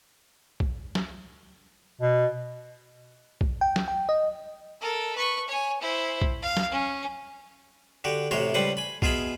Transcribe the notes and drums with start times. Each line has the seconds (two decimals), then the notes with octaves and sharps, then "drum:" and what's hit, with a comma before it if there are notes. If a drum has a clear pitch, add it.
0.60 drum: kick
0.95 drum: snare
2.01 B2
3.41 drum: kick
3.61 G5
3.76 drum: snare
3.88 G5
4.09 D#5
4.81 A4 A#4
5.15 B4 C#6
5.48 C#5 G#5
5.81 E4 C5
6.22 drum: kick
6.42 F5
6.57 drum: snare
6.71 C#4
8.04 D3 F#4 G4
8.31 A1 C3 E4 F#4 C#5 C6
8.54 C#2 G3 B4 C5 F#5
8.77 G#5 B5
9.02 B2 F4 G#4 E5 G#5 B5, drum: kick